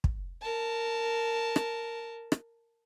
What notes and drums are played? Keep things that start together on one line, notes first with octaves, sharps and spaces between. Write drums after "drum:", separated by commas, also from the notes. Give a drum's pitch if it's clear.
drum: kick
A#4 A5
drum: rim click
drum: rim click